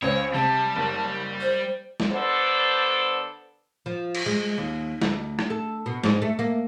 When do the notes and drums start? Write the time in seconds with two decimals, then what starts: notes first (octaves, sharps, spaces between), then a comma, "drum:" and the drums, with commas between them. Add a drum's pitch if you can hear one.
0.02 C#2 C#4 C5 C#5
0.33 C3 G3 A5
0.76 F#1
1.40 C5
2.00 drum: snare
2.10 D3 B3 D4 A4 C5
3.86 F3
4.15 drum: cymbal
4.26 G#3
4.58 D#2
5.02 D2, drum: snare
5.39 drum: rim click
5.50 A4
5.86 B2
6.04 G#2, drum: snare
6.22 A3
6.39 A#3